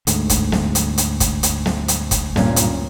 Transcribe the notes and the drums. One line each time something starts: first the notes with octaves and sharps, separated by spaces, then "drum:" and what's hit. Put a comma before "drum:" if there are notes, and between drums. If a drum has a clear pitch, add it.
D2 G#2, drum: hi-hat
drum: kick, hi-hat
drum: snare
drum: hi-hat
drum: hi-hat
drum: kick, hi-hat
drum: hi-hat
drum: snare
drum: hi-hat
drum: kick, hi-hat
G2 A#2 C#4, drum: snare
drum: hi-hat